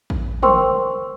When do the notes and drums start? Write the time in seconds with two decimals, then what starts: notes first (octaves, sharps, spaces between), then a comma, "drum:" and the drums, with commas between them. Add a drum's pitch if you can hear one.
0.10 drum: kick A1
0.43 A#4 C5 G5 C6 C#6 E6, drum: tom